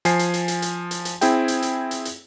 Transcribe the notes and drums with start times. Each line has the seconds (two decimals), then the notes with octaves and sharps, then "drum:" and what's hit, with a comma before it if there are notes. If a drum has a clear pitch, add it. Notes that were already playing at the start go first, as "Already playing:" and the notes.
0.05 F3 G#5 C7, drum: hi-hat
0.19 drum: hi-hat
0.34 drum: hi-hat
0.48 drum: hi-hat
0.62 drum: hi-hat
0.91 drum: hi-hat
1.05 drum: hi-hat
1.21 C4 E4 G#4 G5, drum: hi-hat
1.48 drum: hi-hat
1.62 drum: hi-hat
1.91 drum: hi-hat
2.05 drum: hi-hat